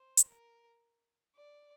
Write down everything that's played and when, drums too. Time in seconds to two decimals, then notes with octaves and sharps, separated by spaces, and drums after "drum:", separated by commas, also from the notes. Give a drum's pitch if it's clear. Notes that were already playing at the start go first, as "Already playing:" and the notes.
Already playing: C5
0.17 drum: hi-hat
0.29 A#4
1.36 D5